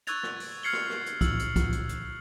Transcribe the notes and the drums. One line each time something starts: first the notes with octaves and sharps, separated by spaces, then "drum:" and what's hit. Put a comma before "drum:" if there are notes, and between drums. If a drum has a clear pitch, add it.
C#6 E6 F#6 G#6 A6 F7, drum: hi-hat
drum: rim click
drum: open hi-hat
F6 G#6 C7 C#7 F#7 G7
drum: rim click
drum: rim click
drum: hi-hat
E6 F#7, drum: kick, hi-hat
drum: hi-hat
drum: kick, hi-hat
drum: hi-hat
drum: hi-hat